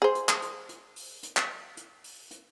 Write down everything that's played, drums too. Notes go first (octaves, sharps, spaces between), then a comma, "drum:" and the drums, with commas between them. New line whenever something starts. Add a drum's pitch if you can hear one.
G#4 C5
drum: hi-hat
drum: clap
drum: hi-hat
drum: hi-hat
drum: open hi-hat
drum: hi-hat
drum: clap
drum: hi-hat
drum: open hi-hat
drum: hi-hat